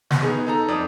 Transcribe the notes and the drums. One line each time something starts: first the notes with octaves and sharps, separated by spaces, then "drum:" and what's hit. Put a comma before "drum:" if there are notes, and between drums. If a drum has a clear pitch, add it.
B2, drum: snare
B3 D#4 G#4
D#4 A4 A#5
F2 D5 D#6